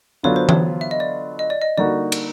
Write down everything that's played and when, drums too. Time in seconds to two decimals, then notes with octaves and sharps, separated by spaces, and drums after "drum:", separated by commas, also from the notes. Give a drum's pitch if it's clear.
0.23 D3 F#3 B3 D4 F4 C#5
0.36 C5
0.49 C#5, drum: tom E3
0.81 E5
0.91 D#5
1.00 D5
1.39 D#5
1.50 D5
1.62 D#5
1.77 D3 G3 A#3 D#4 F#4 D5
2.12 drum: cymbal